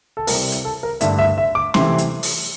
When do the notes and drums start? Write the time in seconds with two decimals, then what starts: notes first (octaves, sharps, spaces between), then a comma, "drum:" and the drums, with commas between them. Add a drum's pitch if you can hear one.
0.17 A4
0.27 C3 G3 C4 E4 A#4, drum: open hi-hat
0.52 drum: hi-hat
0.65 A4
0.83 A#4
1.01 G2 D3 A3 E5, drum: hi-hat
1.19 E5
1.38 E5
1.55 D6
1.74 C3 E3 A3 C6, drum: snare C#4
1.98 drum: hi-hat
2.23 drum: open hi-hat